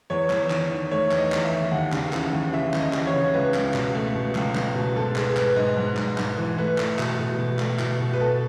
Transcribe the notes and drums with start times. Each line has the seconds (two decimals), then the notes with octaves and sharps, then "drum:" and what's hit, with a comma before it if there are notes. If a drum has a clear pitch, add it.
0.10 E2 C#5
0.30 E2, drum: clap
0.50 D#3, drum: clap
0.71 D#3
0.91 A3 C#5
1.11 E2, drum: clap
1.18 D#5
1.32 E2, drum: clap
1.45 E5
1.52 D#3
1.71 D#2 F#5
1.92 C#3, drum: clap
2.13 E3, drum: clap
2.33 D#2
2.53 C#3 E5
2.74 D#2, drum: clap
2.80 D#5
2.93 E3, drum: clap
3.07 C#5
3.14 C#3
3.34 C#2 B4
3.54 C#2, drum: clap
3.74 B2, drum: clap
3.95 A3
4.15 B2
4.35 C#2, drum: clap
4.55 C#2, drum: clap
4.75 B2
4.95 G#2 A4
5.16 B3 G#4, drum: clap
5.37 G#2 B4, drum: clap
5.56 G#2 D#5
5.77 G#2
5.97 G#2, drum: clap
6.18 G#2, drum: clap
6.38 E3
6.58 A3 B4
6.78 A3, drum: clap
6.99 B2, drum: clap
7.19 B2
7.39 B2
7.59 A3, drum: clap
7.79 B2, drum: clap
8.00 B2
8.13 B4
8.20 B2 A4